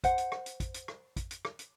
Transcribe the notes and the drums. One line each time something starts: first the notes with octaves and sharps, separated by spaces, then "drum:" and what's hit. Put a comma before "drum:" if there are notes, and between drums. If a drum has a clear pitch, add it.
C5 F#5, drum: kick, hi-hat
drum: hi-hat
drum: rim click
drum: hi-hat
drum: kick, hi-hat
drum: hi-hat
drum: rim click
drum: kick, hi-hat
drum: hi-hat
drum: rim click
drum: hi-hat